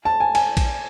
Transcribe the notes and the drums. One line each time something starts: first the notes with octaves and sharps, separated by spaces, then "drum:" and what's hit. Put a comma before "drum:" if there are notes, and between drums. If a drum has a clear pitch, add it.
A5
G#5
G#5, drum: cymbal
drum: kick A#1, cymbal